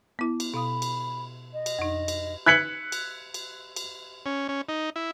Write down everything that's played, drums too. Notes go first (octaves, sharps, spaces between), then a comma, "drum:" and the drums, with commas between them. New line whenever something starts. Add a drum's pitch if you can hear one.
B3 E4
drum: cymbal
B2 F5 B5 D#6
drum: cymbal
D#5
drum: cymbal
F2 D#4
drum: cymbal
F#6 G#6 B6 C#7 F#7
drum: cymbal
drum: cymbal
drum: cymbal
C#4
C#4
D#4
E4